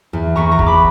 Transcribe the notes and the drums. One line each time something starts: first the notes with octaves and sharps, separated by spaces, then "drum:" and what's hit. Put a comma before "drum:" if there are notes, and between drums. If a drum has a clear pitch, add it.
E2
E2 A#5 C#6
A#5 C#6
E2, drum: kick
B5 D6